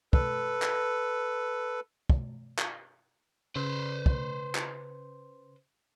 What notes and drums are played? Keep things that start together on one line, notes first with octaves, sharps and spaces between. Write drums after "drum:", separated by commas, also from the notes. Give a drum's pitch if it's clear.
A4 B4, drum: kick
drum: clap
drum: kick
drum: clap
C#3 B4 C5
drum: kick
drum: clap